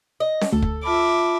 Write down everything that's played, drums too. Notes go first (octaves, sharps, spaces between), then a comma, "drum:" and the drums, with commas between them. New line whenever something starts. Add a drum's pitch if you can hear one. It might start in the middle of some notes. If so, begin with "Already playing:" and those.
D#5
drum: snare C#4
D2 A4
drum: kick
F4 E5 A5 B5 D6